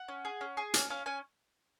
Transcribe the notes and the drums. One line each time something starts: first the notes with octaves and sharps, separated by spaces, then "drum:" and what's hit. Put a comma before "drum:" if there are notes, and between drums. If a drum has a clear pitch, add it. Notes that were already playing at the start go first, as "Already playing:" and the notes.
Already playing: F#5
C#4
G#4
C#4
G#4
C#4, drum: hi-hat
C#4 F5
C#4 G#5